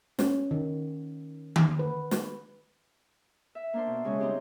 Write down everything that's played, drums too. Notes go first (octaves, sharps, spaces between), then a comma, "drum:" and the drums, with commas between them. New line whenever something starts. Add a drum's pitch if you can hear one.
C#4, drum: snare
D#3
drum: tom D#3
B4
drum: snare
E5
A#3 D4 C5
B2
C#3 G#3 C#4 C#5
G3 C4 D#4 G4 G#4